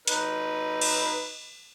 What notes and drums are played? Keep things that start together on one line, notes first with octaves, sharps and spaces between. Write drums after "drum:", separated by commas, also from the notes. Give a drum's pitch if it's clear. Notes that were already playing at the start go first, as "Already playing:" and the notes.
D#4 B4, drum: hi-hat
drum: cymbal